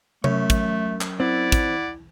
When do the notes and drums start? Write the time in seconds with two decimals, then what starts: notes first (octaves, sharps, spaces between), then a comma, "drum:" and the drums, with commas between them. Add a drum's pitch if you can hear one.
0.24 F#2 A3 C#5, drum: tom C3
0.50 drum: kick, hi-hat
1.01 drum: clap
1.20 C4 E4 D5 F#5
1.52 drum: kick, hi-hat